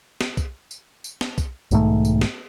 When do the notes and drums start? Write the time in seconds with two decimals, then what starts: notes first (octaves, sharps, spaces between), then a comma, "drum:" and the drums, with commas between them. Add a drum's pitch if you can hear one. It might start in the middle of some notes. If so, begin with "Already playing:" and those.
0.21 drum: snare
0.37 drum: kick B1, tambourine
0.71 drum: tambourine
1.04 drum: tambourine
1.21 drum: snare
1.38 drum: kick B1, tambourine
1.71 B1 G#2 D#3 A3, drum: tambourine
2.05 drum: tambourine
2.21 drum: snare